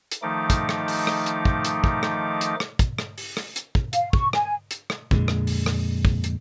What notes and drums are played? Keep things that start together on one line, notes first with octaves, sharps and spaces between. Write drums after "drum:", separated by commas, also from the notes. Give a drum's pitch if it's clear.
drum: hi-hat
D#3 F3 A3 D#4 D6
drum: kick, hi-hat
drum: rim click
drum: open hi-hat
drum: rim click
drum: hi-hat
drum: kick
drum: hi-hat
drum: kick
drum: rim click
drum: hi-hat
drum: rim click
drum: kick, hi-hat
drum: rim click
drum: open hi-hat
drum: rim click
drum: hi-hat
drum: kick
F5, drum: hi-hat
C#6, drum: kick
G#5, drum: rim click
drum: hi-hat
drum: rim click
F2 A#2 D3 G#3, drum: kick
drum: rim click
drum: open hi-hat
drum: rim click
drum: kick
drum: hi-hat